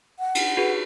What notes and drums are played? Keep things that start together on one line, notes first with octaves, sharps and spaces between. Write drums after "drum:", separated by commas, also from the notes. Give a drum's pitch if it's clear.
F#5
drum: cymbal
F#4 G#4 B4